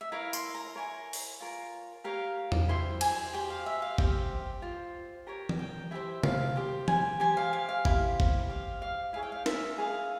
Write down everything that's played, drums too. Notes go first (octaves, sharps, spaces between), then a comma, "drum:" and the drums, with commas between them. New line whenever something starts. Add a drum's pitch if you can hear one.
E5
E4 A#4 C#5 F5
C6, drum: tambourine
A#5
E4 A#4 C#5 G#5
drum: open hi-hat
F4 A#4 C#5
G4 A#4 C#5 F5
drum: tom E2
E4 G4 C5 C6
G#5, drum: cymbal
G4 C5 G5
F5
E5
F5
G4 C5 G5, drum: kick
F4 C5
G4 A#4 C#5
drum: tom E3
G5
E4 G4 C5 E5
F5, drum: tom C3
G4 C5
G#5, drum: tom E3
G4 C5 G#5
F5
F5
F5
E4 G4 C5, drum: kick
drum: kick
G4 C5 F5
F5
E4 G#4 C#5 F5
G5
F5
E5, drum: snare
E4 G#4 C#5 F5